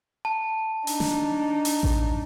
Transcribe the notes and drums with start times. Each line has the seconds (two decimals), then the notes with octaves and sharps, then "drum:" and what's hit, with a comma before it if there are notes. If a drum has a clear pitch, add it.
0.25 A5
0.87 D4 D#4, drum: open hi-hat
1.00 drum: snare
1.65 drum: open hi-hat
1.83 drum: kick A1